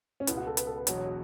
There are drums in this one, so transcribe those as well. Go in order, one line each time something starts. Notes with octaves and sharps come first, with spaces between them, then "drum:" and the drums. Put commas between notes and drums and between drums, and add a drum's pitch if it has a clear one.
C#4
C#2 B2 B3 E4, drum: hi-hat
F#4
A4
B4, drum: hi-hat
A4
B4
E1 E2 B2 F#3 C#5, drum: hi-hat
C#5
F#4